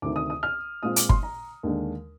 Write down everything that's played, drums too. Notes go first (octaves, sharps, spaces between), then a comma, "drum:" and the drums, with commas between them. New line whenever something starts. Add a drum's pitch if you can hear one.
D2 C3 D#3 D6
D#6
D#6
F6
A#2 G#3 C4 F4 D#6
D6, drum: hi-hat
C6, drum: kick G1
A#5
D#2 D3 G#3 D4